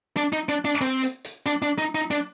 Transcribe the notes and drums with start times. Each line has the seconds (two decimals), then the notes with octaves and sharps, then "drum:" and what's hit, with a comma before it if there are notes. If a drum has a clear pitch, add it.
0.17 D4, drum: hi-hat
0.33 D#4
0.49 D4
0.65 D4
0.81 C4, drum: hi-hat
1.03 drum: hi-hat
1.25 drum: hi-hat
1.46 D4, drum: hi-hat
1.62 D4
1.78 D#4
1.95 D#4
2.11 D4, drum: hi-hat